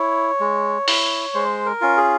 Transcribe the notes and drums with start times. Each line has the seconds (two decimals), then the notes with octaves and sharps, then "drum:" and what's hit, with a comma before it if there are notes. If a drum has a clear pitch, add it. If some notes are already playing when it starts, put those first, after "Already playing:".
Already playing: E4 C#5
0.40 G#3
0.88 E4, drum: open hi-hat
1.34 G#3 C5
1.66 A#4
1.81 C#4 F4
1.97 G#4